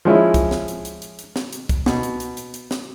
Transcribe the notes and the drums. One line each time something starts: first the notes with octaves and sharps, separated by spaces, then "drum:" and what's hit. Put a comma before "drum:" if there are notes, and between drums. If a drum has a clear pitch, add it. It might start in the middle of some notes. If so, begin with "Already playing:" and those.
F3 G#3 C#4 E4
drum: kick, hi-hat
drum: snare
drum: hi-hat
drum: hi-hat
drum: hi-hat
drum: hi-hat
drum: snare
drum: hi-hat
drum: kick, hi-hat
B2, drum: snare
drum: hi-hat
drum: hi-hat
drum: hi-hat
drum: hi-hat
drum: snare